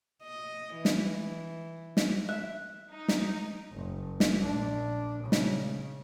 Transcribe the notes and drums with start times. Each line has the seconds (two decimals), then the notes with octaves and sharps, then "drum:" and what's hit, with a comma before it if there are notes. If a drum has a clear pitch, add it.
0.24 D#5
0.76 E3
0.85 drum: snare
1.97 drum: snare
2.29 E5 F#6
2.93 D#4
3.08 drum: snare
3.72 F#1
4.20 drum: snare
4.39 A#1 D4
5.23 C#3
5.32 drum: snare